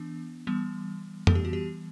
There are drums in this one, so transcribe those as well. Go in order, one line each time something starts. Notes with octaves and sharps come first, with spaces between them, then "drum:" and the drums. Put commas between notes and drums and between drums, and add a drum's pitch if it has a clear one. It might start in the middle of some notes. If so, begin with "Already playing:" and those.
Already playing: E3 B3 D4
E3 G3 B3
E3 G3 B3 A4, drum: tom F2
G4
F#4
G4